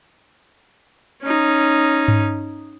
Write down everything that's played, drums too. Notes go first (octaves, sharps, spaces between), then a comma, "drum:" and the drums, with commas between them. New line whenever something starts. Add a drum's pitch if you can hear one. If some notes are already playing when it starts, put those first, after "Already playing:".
C#4 D#4
drum: tom G#2